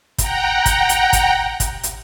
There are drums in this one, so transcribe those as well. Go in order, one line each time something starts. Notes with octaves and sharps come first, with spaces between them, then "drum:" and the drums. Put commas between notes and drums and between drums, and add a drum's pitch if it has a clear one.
F#5 G5 A#5, drum: kick, hi-hat
drum: kick, hi-hat
drum: hi-hat
drum: kick, hi-hat
drum: kick, hi-hat
drum: hi-hat